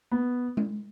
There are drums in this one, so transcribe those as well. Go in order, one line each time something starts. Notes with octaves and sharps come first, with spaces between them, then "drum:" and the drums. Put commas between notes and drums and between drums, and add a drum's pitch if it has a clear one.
B3
drum: tom G#3